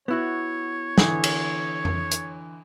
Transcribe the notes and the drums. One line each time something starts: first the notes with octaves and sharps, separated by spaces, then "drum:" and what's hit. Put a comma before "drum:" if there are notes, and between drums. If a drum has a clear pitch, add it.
B3 E4 F#4 C#5
D3 E3 D#6, drum: snare
drum: cymbal
drum: tom F2
drum: hi-hat